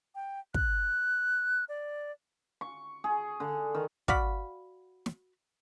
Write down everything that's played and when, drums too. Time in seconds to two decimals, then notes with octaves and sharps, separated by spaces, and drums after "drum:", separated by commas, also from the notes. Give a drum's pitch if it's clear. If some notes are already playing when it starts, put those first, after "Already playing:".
0.15 G5
0.54 F#6, drum: kick
1.69 D5
2.61 C#6
3.04 G#4
3.40 D3
3.75 D#3
4.08 F#4 D5 F5 B5, drum: kick
5.06 drum: snare